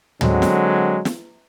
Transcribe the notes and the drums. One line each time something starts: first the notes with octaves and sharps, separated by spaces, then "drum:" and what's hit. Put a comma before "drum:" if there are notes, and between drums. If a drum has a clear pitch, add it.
D3 F#3 G#3 C4, drum: tom
drum: snare
drum: snare